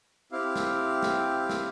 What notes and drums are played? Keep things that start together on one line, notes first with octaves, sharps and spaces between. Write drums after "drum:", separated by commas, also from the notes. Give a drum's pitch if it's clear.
C4 E4 G4 F5
drum: snare
drum: snare
drum: snare